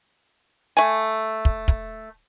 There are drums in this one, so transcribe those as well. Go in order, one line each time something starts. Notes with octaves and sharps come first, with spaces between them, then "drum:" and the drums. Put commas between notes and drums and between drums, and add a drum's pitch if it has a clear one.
A3 G#5, drum: hi-hat
drum: kick
drum: kick, hi-hat